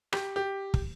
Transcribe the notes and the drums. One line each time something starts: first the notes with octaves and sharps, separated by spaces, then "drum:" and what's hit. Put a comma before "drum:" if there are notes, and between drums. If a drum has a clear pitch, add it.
G4, drum: rim click
G4
drum: kick